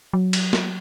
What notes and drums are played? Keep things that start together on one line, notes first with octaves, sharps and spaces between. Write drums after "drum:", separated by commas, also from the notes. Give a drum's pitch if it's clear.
F#3
drum: cymbal
drum: snare